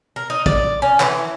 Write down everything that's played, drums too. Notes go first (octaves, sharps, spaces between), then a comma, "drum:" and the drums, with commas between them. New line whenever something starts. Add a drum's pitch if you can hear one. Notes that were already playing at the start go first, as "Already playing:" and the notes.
A#4
D#4
D5, drum: kick
C#4
E3, drum: clap